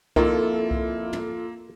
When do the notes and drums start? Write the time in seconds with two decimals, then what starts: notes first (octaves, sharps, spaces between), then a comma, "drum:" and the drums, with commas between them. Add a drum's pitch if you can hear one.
0.16 F2 D#3 A#3 E4 F4 A4, drum: kick C2
0.71 drum: kick C2
1.13 drum: tom